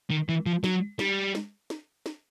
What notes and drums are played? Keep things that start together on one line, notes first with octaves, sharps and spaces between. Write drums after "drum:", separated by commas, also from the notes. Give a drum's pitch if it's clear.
D#3
E3
F3
F#3, drum: snare
G3, drum: snare
drum: snare
drum: snare
drum: snare